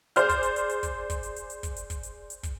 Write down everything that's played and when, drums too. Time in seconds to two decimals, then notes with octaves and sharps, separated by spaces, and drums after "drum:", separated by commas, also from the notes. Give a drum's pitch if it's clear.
0.16 G#4 C5 D5 F6 G6, drum: hi-hat
0.29 drum: kick, hi-hat
0.43 drum: hi-hat
0.56 drum: hi-hat
0.69 drum: hi-hat
0.83 drum: kick, hi-hat
1.10 drum: kick, hi-hat
1.23 drum: hi-hat
1.36 drum: hi-hat
1.50 drum: hi-hat
1.63 drum: kick, hi-hat
1.76 drum: hi-hat
1.90 drum: kick, hi-hat
2.03 drum: hi-hat
2.30 drum: hi-hat
2.43 drum: kick, hi-hat